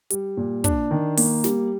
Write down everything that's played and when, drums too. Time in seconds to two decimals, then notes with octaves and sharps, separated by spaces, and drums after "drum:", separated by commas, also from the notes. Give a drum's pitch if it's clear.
0.10 G3, drum: hi-hat
0.37 A#2
0.64 D4, drum: kick, hi-hat
0.91 D#3
1.17 A#3, drum: open hi-hat
1.44 G3, drum: snare